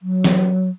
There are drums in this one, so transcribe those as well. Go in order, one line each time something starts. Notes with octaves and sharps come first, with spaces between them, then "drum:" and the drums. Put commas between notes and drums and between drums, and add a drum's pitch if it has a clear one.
F#3
drum: snare